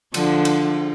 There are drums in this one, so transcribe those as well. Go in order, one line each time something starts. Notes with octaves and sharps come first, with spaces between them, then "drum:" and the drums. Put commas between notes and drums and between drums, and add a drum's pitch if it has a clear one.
D3 F3, drum: cymbal
drum: cymbal